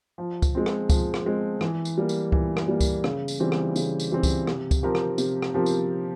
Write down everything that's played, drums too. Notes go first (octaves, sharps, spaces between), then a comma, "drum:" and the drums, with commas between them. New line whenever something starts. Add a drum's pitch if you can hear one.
F3
drum: kick C#2, tambourine
G#3 C4
drum: rim click
F3, drum: kick C#2, tambourine
drum: rim click
G#3 C4
E3, drum: rim click
drum: tambourine
G3 A#3
drum: tambourine
E3, drum: kick C#2
drum: rim click
G3 A#3
drum: kick C#2, tambourine
C#3, drum: rim click
drum: tambourine
E3 G3 C4
drum: rim click
C#3, drum: tambourine
drum: tambourine
E3 G3 C4
drum: kick C#2, tambourine
C3, drum: rim click
drum: kick C#2, tambourine
F3 C4 G4 A#4
drum: rim click
C3, drum: tambourine
drum: rim click
F3 C4 G4 A#4
drum: tambourine